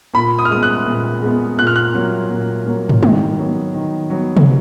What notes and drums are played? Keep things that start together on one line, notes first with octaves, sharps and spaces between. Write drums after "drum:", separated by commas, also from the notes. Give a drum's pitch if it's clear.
A#2 B5
D#6
F6
G#3 B3 D#6
F#6
A#2
G#3 B3
A#2 F#6
F6
F#6
F#3 A#3
A#2
F#3 A#3
drum: tom
D#3, drum: tom G3
F#3 B3
D#3
F#3 B3
drum: tom C3